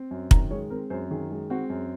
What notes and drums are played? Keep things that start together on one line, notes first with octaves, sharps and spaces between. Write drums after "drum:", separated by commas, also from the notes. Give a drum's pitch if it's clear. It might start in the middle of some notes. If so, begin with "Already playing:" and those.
Already playing: C4
F#2
D#3 A#5, drum: kick
G#3 C#5
C4 A#4
F#2 C5
D#3 G#4
G#3
C4 F#4
F#2